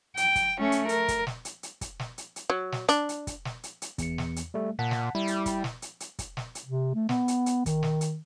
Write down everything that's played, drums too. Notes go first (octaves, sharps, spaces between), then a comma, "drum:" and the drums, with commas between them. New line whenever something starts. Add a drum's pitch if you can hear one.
G5, drum: hi-hat
drum: kick, hi-hat
A3 C#4
drum: hi-hat
A#4, drum: hi-hat
drum: kick, hi-hat
drum: snare
drum: hi-hat
drum: hi-hat
drum: kick, hi-hat
drum: snare
drum: hi-hat
drum: hi-hat
F#3
drum: snare
D4, drum: hi-hat
drum: hi-hat
drum: kick, hi-hat
drum: snare
drum: hi-hat
drum: hi-hat
E2 C#7, drum: kick, hi-hat
drum: snare
drum: hi-hat
G3 A3
A#2 F#5 A5 B6
drum: snare
G3 E4
drum: hi-hat
drum: kick, hi-hat
drum: snare
drum: hi-hat
drum: hi-hat
drum: kick, hi-hat
drum: snare
drum: hi-hat
C3
A3
B3, drum: snare
drum: hi-hat
drum: hi-hat
D#3, drum: kick, hi-hat
drum: snare
drum: hi-hat